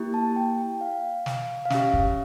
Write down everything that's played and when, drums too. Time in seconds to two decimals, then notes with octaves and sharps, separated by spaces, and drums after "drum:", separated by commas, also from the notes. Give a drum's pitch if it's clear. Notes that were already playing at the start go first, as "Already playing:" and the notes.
Already playing: A#3 E4 G4
0.14 A5
0.36 G5
0.58 G5
0.81 F5
1.26 drum: snare
1.65 F5
1.70 C#4 G4 E5, drum: snare
1.93 drum: kick